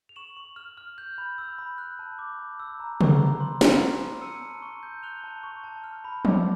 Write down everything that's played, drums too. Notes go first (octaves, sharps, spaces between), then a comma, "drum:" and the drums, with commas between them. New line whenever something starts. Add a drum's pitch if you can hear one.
F7
C#6 E7 F#7
C#6
F6
F6
G6
B5
E6
B5
F#6
A5
D6
A5
E6
A#5
C#6, drum: tom
A#5
C6
C6, drum: snare
F6
F6
E6 C#7 D#7
A5
C#6
G6
F#6 F7 G7
A5
C#6
A5
F6
B5
D6, drum: tom